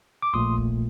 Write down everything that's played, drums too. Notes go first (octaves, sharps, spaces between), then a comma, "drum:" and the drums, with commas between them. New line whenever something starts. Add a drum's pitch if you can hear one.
D6
A#1 A#2 A3 C6 D#6
drum: kick D1